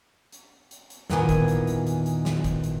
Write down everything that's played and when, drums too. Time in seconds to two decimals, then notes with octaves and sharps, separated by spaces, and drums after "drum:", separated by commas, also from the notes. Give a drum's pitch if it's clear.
0.33 drum: hi-hat
0.71 drum: hi-hat
0.90 drum: hi-hat
1.10 E2 A#2 D#3 B3 G#5 D#6, drum: snare
1.29 drum: kick, hi-hat
1.48 drum: hi-hat
1.67 drum: hi-hat
1.87 drum: hi-hat
2.06 drum: hi-hat
2.25 drum: snare
2.44 drum: kick, hi-hat
2.64 drum: hi-hat